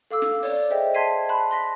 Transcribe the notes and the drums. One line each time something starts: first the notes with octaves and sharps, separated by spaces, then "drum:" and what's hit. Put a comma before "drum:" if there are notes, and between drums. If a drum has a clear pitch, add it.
A4 F5 D6 E6
drum: snare
C#5 D5, drum: open hi-hat
G#4 C5 D#5 E5 G5
A5 C6 G#6 B6 C7 D#7
A5 B5 C6 F#6
C6 A#6 B6